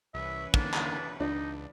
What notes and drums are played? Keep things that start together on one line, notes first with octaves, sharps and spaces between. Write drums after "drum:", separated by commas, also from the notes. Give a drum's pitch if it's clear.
C2 E3 C#4 B4 E5
D3 D#3 A#3 D4, drum: kick
drum: clap
C#2 D4 D#4